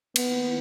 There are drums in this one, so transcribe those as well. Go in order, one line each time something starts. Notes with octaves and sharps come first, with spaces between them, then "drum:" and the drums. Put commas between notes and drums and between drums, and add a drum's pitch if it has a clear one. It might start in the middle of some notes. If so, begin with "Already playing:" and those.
D#3 A#3 B3 E4, drum: cymbal